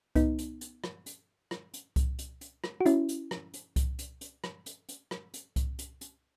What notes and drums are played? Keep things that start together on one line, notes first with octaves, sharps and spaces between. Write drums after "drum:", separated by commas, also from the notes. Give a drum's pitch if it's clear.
B3 D#4, drum: kick C2, hi-hat
drum: hi-hat
drum: hi-hat
drum: rim click
drum: hi-hat
drum: rim click
drum: hi-hat
drum: kick C2, hi-hat
drum: hi-hat
drum: hi-hat
drum: rim click
F#4
C#4 E4, drum: hi-hat
drum: hi-hat
drum: rim click
drum: hi-hat
drum: kick C2, hi-hat
drum: hi-hat
drum: hi-hat
drum: rim click
drum: hi-hat
drum: hi-hat
drum: rim click
drum: hi-hat
drum: kick C2, hi-hat
drum: hi-hat
drum: hi-hat